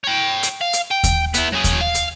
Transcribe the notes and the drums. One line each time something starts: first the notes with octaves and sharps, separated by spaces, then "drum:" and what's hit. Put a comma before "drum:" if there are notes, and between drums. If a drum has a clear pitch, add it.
C#5 G5
drum: hi-hat
F5
drum: hi-hat
G5
drum: kick D#2, hi-hat
B3 E4, drum: hi-hat
F#3 G#4
drum: kick D#2, hi-hat
F5
drum: hi-hat